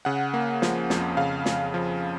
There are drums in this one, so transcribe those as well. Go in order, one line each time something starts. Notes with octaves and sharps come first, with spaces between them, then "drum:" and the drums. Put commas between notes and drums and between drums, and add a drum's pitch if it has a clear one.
C#3 F#5
A#3
F3, drum: snare
F2, drum: snare
C#3 F5
F2, drum: snare
F3